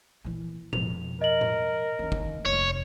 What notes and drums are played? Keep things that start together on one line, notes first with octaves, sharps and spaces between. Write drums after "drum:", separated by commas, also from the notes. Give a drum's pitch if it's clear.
A#2 E3
F2 B2 F7, drum: tom A2
A#4 D#5 F#7
drum: tom A2
D#2 C#4
drum: kick
F1 D#2 C#5